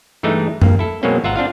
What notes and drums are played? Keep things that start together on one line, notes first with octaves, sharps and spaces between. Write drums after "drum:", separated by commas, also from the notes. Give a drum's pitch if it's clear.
G2 E3 G#3 A3 D#4
G2 A#3, drum: tom F#2
E4 A4
B2 F#3 G#3 A#3 C4 C#4
G#1 F4 E5 F#5 A#5
C4 D4 F4 F5